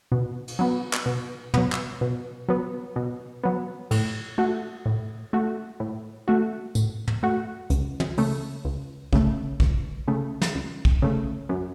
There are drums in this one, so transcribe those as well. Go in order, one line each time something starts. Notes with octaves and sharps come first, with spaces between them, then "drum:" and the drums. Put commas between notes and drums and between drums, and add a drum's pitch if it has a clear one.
B2
drum: cymbal
F#3 B3
drum: clap
B2
F#3 B3, drum: tom
drum: clap
B2
F#3 B3
B2
F#3 B3
A2, drum: cymbal
A3 F#4
A2
A3 F#4
A2
A3 F#4
A2, drum: tambourine
drum: tom
A3 F#4
C#2, drum: hi-hat
drum: tom
C#3 A3, drum: open hi-hat
C#2
C#3 A3, drum: kick
C#2, drum: kick
C#3 A3
drum: snare
C#2
drum: kick
C#3 A3
F#2